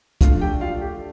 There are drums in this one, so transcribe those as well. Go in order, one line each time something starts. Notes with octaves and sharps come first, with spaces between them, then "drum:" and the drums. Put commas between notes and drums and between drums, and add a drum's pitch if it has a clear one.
D3 A3 D4 F4 F5, drum: kick, hi-hat
G4 G5
F4 F5
G4 G5